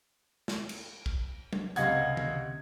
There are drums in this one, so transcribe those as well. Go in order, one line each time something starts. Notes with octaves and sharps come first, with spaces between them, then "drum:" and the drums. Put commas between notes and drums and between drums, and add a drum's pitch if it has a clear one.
drum: snare
drum: cymbal
drum: kick
drum: tom F#3
C#2 C3 D#5 F5 F#5 G#6, drum: hi-hat
drum: tom D3